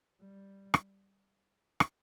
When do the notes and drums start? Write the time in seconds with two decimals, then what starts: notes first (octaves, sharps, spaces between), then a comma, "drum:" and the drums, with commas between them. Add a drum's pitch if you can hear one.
0.20 G3
0.74 drum: rim click
1.80 drum: rim click